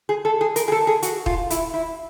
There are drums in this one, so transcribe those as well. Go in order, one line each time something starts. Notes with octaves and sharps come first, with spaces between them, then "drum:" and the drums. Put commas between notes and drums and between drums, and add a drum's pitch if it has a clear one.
G#4
A4
G#4
A#4, drum: hi-hat
G#4
A4
G#4
F#4, drum: hi-hat
F4, drum: kick D#1
E4, drum: hi-hat
E4